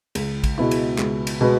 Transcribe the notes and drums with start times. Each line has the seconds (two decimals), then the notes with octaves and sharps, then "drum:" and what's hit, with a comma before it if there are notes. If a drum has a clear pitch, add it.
0.15 C#2, drum: cymbal
0.44 drum: kick, cymbal
0.58 B2 G#3 B3 E4
0.71 drum: cymbal
0.98 C#2, drum: clap
1.27 drum: cymbal
1.41 B2 G#3 B3